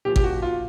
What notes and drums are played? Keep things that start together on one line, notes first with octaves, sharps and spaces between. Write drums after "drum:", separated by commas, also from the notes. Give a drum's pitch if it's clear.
A#2 F3 G4
G4, drum: kick G#1
F#4
F4